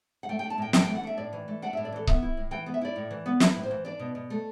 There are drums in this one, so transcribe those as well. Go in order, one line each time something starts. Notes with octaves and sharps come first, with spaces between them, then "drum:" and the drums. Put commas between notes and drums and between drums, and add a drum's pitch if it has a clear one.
F#5
A3 G5
D4 G5
A5
A2 G5
E3 G5, drum: snare
A3 G5
F#5
D4 E5
A2 D5
E3
A3
D4 F#5
A2 E5
D5
E3 A4
B3 E5, drum: kick C#1
E4
A2
E3 G5
B3
E5
E4 D5
A2
E3
B3
E4 B4, drum: snare
A2
C5
E3
D4 D5
B2
B2
A3